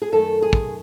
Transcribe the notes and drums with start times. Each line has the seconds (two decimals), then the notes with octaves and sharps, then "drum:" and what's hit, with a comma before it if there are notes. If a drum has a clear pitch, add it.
0.02 G#4
0.12 F#2 D#3 A3 A4
0.42 G#4
0.53 drum: kick